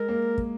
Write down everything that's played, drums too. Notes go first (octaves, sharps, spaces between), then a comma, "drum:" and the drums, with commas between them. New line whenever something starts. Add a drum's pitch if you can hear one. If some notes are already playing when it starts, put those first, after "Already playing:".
Already playing: G#3 A#4
A#3
drum: kick